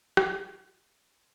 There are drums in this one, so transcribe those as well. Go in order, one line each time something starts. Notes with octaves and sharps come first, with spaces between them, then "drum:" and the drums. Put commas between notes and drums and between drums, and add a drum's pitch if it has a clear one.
D2 E3 F#4 C#7, drum: rim click